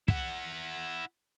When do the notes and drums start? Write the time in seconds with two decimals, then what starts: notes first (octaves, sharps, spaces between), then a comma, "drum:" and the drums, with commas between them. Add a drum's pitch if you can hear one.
0.08 E4 F#5, drum: kick